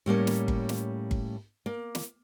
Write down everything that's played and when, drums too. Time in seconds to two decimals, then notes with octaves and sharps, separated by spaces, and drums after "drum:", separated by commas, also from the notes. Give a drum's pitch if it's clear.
0.06 A2 G3 A#3 C#4
0.27 drum: snare
0.48 drum: kick G1
0.69 drum: snare
1.11 drum: kick G1
1.66 A#3
1.95 drum: snare